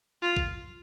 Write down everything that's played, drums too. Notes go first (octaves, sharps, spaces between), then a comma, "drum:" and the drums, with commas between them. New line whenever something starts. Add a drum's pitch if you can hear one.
F4
drum: kick